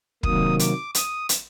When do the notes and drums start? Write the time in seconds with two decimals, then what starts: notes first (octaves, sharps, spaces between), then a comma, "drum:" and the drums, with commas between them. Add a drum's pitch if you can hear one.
0.23 C3 D#3 F#3 A#3 D#6, drum: kick
0.59 D6, drum: hi-hat
0.95 D#6, drum: hi-hat
1.29 drum: hi-hat